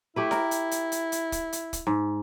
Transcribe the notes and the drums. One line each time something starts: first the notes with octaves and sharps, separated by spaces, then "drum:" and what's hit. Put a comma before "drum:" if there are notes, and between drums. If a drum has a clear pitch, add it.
A3 E4 G4 B4
A#4, drum: snare E4
drum: hi-hat
drum: hi-hat
drum: hi-hat
drum: hi-hat
drum: kick, hi-hat
drum: hi-hat
drum: kick, hi-hat
G#2